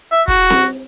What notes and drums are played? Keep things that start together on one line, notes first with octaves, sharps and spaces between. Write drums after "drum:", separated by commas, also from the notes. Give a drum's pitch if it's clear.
E5
F#4, drum: kick
drum: snare C4